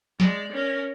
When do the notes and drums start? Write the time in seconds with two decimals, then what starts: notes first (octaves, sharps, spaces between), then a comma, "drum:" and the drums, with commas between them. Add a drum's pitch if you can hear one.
0.20 G#3 D5, drum: snare
0.52 C#4 A#4